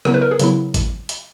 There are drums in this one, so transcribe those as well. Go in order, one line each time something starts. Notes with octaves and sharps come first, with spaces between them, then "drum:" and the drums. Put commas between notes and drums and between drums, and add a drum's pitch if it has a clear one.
C#3 F#3 B3 E4 A#4, drum: rim click
B4
A#4
G#4
C#3 F#3 B3 E4, drum: hi-hat
drum: kick G#1, hi-hat
drum: hi-hat